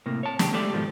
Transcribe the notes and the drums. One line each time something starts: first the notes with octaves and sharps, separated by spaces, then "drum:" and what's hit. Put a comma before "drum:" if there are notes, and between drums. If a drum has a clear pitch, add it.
A2 C3 A#3
C#5 A5
D#2 C#3 G4, drum: snare
G#3 A3 G4 A4 D5
G#2 B2 D#3 F3